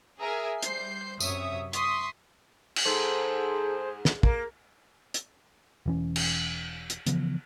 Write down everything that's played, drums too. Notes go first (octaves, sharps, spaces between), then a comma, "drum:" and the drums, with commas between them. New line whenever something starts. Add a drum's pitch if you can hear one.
G#4 A#4 E5 G#5
G3 C5 G6 C7, drum: hi-hat
F#2 C3 C#5 E5 D#6, drum: tambourine
C6 C#6 D#6 B6, drum: hi-hat
drum: cymbal
G#2 G#4 A4 C5
drum: snare
A#3 A#4, drum: kick
drum: hi-hat
E1 E3 C#4
drum: cymbal
drum: hi-hat
C#3 E3 F3 B3, drum: hi-hat